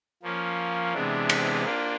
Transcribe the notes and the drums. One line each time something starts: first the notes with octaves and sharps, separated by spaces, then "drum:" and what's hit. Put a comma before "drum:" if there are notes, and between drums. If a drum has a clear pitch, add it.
F3 A#3 C#4
C3 E3 G#3 B3 D4
drum: cymbal
A#3 D4 F4